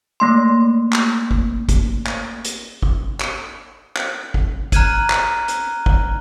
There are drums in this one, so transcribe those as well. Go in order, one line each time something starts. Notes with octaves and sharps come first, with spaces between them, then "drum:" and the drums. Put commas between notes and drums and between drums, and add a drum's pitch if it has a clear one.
A3 A#3 C6
drum: clap
drum: kick
drum: kick, hi-hat
drum: clap
drum: hi-hat
drum: kick
drum: clap
drum: clap
drum: kick
A#5 F6 F#6 G#6 D#7 F#7, drum: kick, hi-hat
drum: clap
drum: hi-hat
drum: kick